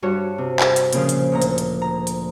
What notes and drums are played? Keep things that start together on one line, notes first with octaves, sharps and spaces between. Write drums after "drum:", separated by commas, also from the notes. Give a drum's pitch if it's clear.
G2 G3 F#4 C#5
C3
drum: clap
drum: hi-hat
A#2 C#3 F3, drum: hi-hat
drum: hi-hat
D2 A#2 A#5
drum: hi-hat
drum: hi-hat
A#5
drum: hi-hat